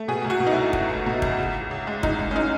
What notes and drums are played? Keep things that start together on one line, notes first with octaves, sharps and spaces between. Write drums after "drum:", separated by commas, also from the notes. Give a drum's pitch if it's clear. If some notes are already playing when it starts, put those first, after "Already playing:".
Already playing: A3
B2 G#4
C#2
F#4
B2
D#4
C#2 E4
C#2, drum: kick
A3
B2
C#2, drum: kick
C#2
C#2
C#2
G#3
C#2 D#4, drum: kick
G#3
C#4
G#3 D#4